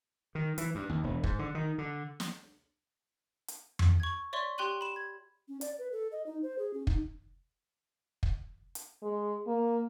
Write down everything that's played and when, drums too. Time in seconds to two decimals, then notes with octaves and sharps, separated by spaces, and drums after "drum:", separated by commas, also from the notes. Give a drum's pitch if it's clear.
0.35 D#3
0.58 E3, drum: hi-hat
0.75 G2
0.89 D#2
1.04 E1
1.24 G#2, drum: kick
1.39 D3
1.55 D#3
1.78 D3
2.20 drum: snare
3.48 drum: hi-hat
3.79 drum: tom F2
4.00 C#6 G#6
4.33 C#5 D5 E5 C6 C#6
4.58 G4 G5 C6 F#6 D#7 F#7
4.81 B5 E7
4.96 G#6
5.48 C#4
5.61 D5, drum: hi-hat
5.78 B4
5.92 A4
6.12 D#5
6.26 D#4
6.43 C5
6.58 G#4
6.74 C#4
6.87 D#4, drum: kick
8.23 drum: kick
8.75 drum: hi-hat
9.02 G#3
9.47 A#3